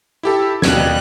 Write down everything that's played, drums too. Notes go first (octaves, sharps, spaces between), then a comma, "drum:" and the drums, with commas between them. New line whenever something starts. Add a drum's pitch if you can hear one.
E4 G4 A4
D#2 B2 G3 F#6 G#6, drum: snare